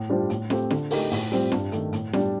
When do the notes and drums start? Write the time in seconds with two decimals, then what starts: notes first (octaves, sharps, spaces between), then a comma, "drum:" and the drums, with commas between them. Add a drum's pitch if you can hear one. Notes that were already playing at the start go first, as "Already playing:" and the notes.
Already playing: A2
0.10 G3 D4 F4 C5
0.30 A2, drum: hi-hat
0.50 A3 C4 G4, drum: snare
0.71 D3, drum: snare
0.91 A3 D#4 G4 A#4, drum: open hi-hat
1.11 A2, drum: open hi-hat
1.32 G3 C4 F4, drum: hi-hat
1.52 G2, drum: snare
1.72 D#3 A3, drum: hi-hat
1.93 A2, drum: hi-hat
2.13 G3 D4, drum: snare